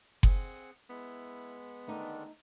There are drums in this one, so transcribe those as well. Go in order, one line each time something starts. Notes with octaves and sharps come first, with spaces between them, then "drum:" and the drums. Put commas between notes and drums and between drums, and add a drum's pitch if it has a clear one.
C4 G#4 F#5, drum: kick F#1
G#3 B3 E4
D3 D#3 A3 D4 D#4